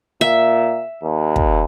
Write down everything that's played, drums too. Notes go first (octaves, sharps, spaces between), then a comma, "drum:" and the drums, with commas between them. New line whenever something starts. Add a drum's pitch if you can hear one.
A#2 E5
D#2
drum: kick